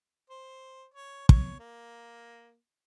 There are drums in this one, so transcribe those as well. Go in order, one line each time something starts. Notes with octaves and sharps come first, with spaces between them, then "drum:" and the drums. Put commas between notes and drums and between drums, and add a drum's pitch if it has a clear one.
C5
C#5
C#5, drum: kick
A#3